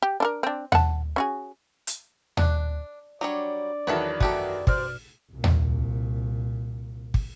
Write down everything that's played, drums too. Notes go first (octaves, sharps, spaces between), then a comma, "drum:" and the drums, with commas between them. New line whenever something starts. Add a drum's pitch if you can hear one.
G4
D4 A4 A#4
C4 D4
F#5 A5, drum: tom D#2
C#4 F#4 G#4
drum: hi-hat
D4 D5 F#6, drum: tom D#2
F#3 G3 D4 C#5 D5
E2 D#3 F#3 A4 B4 C#5
F#2 A3 F#4 G4 A4, drum: kick
B2 C5 D5 F6, drum: kick
C2 A#2
drum: tom D#2
drum: kick